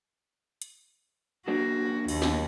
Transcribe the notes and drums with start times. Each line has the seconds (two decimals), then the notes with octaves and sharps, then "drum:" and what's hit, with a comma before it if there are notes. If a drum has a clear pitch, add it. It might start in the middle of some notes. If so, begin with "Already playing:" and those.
0.62 drum: hi-hat
1.48 F#3 A#3 D4 F#4
2.08 D#2, drum: cymbal
2.22 drum: snare